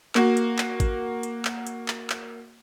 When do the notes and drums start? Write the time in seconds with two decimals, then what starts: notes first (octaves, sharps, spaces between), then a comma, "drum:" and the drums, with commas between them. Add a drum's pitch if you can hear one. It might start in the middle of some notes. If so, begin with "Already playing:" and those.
0.15 A#3 F#4, drum: clap
0.37 drum: hi-hat
0.58 drum: clap
0.80 drum: kick, hi-hat
1.23 drum: hi-hat
1.45 drum: clap
1.67 drum: hi-hat
1.88 drum: clap
2.10 drum: clap